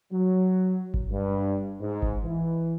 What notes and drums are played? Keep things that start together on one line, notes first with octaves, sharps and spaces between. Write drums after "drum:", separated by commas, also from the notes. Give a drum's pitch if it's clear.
F#3
drum: kick G1
G2
G#2
drum: kick G1
E3